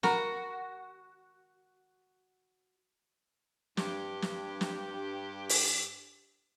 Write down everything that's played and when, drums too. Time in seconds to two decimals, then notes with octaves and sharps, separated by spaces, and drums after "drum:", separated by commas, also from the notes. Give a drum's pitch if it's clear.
0.03 F#4 A#4 A#5 B5, drum: snare
3.77 G2 G4, drum: snare
4.22 drum: snare
4.61 drum: snare
5.49 drum: open hi-hat